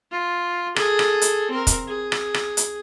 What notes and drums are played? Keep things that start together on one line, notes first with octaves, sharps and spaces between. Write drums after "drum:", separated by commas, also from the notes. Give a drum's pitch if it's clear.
F4
G#4 A4, drum: rim click
drum: rim click
drum: hi-hat
C4 A#4
drum: kick, hi-hat
G#4
drum: rim click
drum: rim click
drum: hi-hat